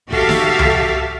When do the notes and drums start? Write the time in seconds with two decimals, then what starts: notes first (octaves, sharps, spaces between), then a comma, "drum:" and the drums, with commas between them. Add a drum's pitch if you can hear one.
0.12 F#4 G4 A4 E5 F5, drum: kick
0.29 drum: snare
0.59 drum: tom C#2